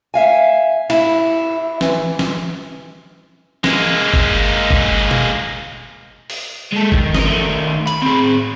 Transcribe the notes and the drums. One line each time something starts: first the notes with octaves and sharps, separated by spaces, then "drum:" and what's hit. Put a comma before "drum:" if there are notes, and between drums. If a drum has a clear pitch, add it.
E5 F5 G#5
E4, drum: cymbal
E3, drum: snare
drum: snare
G#3 A#3, drum: snare
drum: kick G1
drum: kick G1
drum: tom
drum: open hi-hat
G#3 A4
D#3, drum: kick G1
A#4 D#5, drum: snare
D#3 A3
B5, drum: hi-hat
C4 G#4